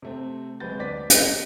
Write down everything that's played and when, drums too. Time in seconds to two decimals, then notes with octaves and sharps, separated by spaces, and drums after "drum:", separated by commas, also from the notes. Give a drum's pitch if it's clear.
0.02 C3 A3 C4
0.60 F#1 G#3 C4 B4 G6 A6
0.79 D2 B3 D5 A6 B6
1.10 G4 A4 A#4 D#5, drum: hi-hat